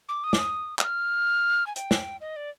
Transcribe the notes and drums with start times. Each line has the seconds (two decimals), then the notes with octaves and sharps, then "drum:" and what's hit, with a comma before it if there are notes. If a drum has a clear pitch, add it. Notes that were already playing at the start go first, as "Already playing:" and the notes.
0.09 D6
0.24 D#6
0.33 D6, drum: snare
0.39 D#6
0.79 D#6, drum: clap
0.84 F6
1.67 G#5
1.76 G5, drum: hi-hat
1.91 drum: snare
2.21 D#5
2.36 D5